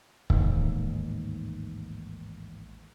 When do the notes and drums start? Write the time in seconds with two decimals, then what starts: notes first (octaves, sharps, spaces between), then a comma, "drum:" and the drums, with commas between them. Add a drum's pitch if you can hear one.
0.30 A1 D#2 G#2, drum: kick C#1